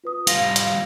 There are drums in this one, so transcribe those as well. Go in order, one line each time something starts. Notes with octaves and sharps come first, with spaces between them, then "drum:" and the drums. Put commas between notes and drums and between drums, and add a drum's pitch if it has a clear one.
F4 B4 D#6
G3 F4 F5 A#6 F7, drum: hi-hat
drum: hi-hat